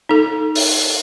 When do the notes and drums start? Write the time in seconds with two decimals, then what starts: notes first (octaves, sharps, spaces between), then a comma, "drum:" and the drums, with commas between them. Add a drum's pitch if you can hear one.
0.09 D#4 A4
0.55 drum: open hi-hat